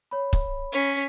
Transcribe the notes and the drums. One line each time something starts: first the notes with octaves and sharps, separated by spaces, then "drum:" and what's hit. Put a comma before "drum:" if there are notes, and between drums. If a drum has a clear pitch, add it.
C#5 B5
drum: kick
C#4 B6